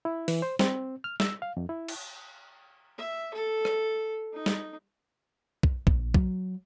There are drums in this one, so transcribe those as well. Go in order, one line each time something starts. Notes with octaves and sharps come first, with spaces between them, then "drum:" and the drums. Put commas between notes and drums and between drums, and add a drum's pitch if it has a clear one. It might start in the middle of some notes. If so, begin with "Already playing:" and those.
E4
E3, drum: open hi-hat
C5
C4, drum: snare
F6
E6, drum: snare
F5
F2
E4
drum: cymbal
E5
A4
drum: rim click
D#4
drum: snare
drum: kick B1
A#1, drum: kick B1
F#3, drum: kick B1